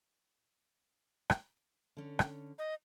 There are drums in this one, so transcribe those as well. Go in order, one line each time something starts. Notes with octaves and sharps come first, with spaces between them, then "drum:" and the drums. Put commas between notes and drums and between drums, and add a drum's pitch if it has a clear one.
drum: rim click
D3 C#4
drum: rim click
D#5